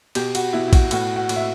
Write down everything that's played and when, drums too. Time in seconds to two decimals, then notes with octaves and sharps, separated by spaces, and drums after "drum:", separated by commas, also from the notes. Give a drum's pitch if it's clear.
0.15 B2 G4, drum: cymbal
0.35 F#4, drum: cymbal
0.53 B2 E4
0.68 E4
0.73 F#4, drum: kick A#1, cymbal
0.91 A2 F#4, drum: cymbal
1.16 F#4
1.29 A2, drum: cymbal
1.36 E5